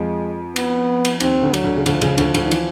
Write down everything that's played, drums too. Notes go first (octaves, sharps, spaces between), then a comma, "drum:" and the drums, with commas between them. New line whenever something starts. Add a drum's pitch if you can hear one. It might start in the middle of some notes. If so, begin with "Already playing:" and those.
Already playing: F2 F3 G#3
B3, drum: cymbal
drum: cymbal
D#2 D#3 C4, drum: cymbal
D2 D3
F#3, drum: cymbal
D2 D3
C#3
D2 D3 F3, drum: cymbal
C#2 C#3, drum: cymbal
D2 D3, drum: cymbal
D2 D3, drum: cymbal
D#3
E3, drum: cymbal